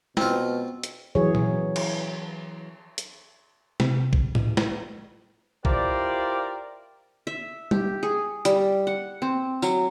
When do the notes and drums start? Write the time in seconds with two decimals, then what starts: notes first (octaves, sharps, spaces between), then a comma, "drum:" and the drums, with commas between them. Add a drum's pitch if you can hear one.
0.17 B2 C4 F4, drum: snare
0.83 drum: hi-hat
1.15 E3 F#3 G#4 C#5
1.35 drum: tom A#2
1.76 drum: cymbal
2.98 drum: hi-hat
3.80 C3, drum: snare
4.13 drum: kick A#1
4.35 drum: tom
4.57 drum: snare
5.65 E4 F4 G4 A#4 C5 D5, drum: kick A#1
7.27 E5
7.71 G4, drum: tom G3
8.03 G#4
8.45 G3, drum: hi-hat
8.87 F#5
9.22 C4
9.62 F#3, drum: tambourine